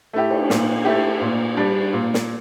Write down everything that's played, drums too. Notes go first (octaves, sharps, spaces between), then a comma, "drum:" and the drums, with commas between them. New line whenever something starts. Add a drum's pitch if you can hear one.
A3 E4 G4
drum: cymbal
A#2, drum: snare
A3 E4 G4
A#2
G3 D4
A#2
drum: snare